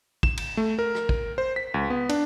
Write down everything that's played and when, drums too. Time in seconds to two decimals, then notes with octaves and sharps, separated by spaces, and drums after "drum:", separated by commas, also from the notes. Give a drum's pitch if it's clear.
0.23 E7, drum: kick
0.37 drum: cymbal
0.57 A3
0.79 A#4
0.95 drum: rim click
1.09 drum: kick
1.38 C5
1.56 B6
1.74 C#2
1.90 B3
2.09 D4, drum: cymbal